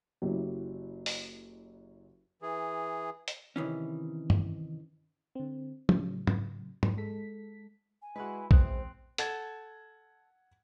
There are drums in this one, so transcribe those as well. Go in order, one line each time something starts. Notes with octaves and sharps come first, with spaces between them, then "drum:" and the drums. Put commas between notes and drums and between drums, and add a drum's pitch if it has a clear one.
F#1 F#3 E4 G4
drum: open hi-hat
E3 G#4
drum: hi-hat
C3 D#3 E3 C#4
drum: tom G2
D3 C4
A2 C#3 F#3, drum: tom
drum: tom G#2
drum: tom G#2
G#3 A4 B6
G#5
G#3 E4 F#4 B4 F#5
B2 E3 G#3 C4 C5 D#6 F#6, drum: kick A#1
A4 F#5 G#6, drum: hi-hat